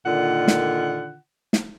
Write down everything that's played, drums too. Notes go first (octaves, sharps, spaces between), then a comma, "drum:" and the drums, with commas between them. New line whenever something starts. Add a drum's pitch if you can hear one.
A#2 D3 D#3 F4 F#5
drum: snare
drum: snare